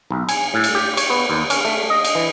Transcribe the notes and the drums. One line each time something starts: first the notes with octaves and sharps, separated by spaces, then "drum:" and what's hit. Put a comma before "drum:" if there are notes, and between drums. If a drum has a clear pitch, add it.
B1
G#5, drum: cymbal
A2
drum: cymbal
G4
C#5, drum: cymbal
B3
D#2
C#4, drum: cymbal
A3
D#5
drum: cymbal
E3